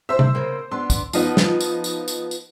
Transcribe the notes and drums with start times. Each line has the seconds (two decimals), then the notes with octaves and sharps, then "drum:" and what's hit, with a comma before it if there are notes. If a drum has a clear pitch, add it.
0.09 C5 E5 E6
0.19 drum: tom C3
0.35 C#3 A#3
0.71 B3 D4 C6
0.90 drum: kick, tambourine
1.13 F3 B3 D#4 F4, drum: tambourine
1.37 drum: snare
1.61 drum: tambourine
1.84 drum: tambourine
2.08 drum: tambourine
2.31 drum: tambourine